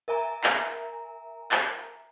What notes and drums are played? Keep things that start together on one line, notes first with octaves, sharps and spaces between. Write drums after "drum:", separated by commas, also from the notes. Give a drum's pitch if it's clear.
A#4 E5 G#5 A#5
drum: clap
drum: clap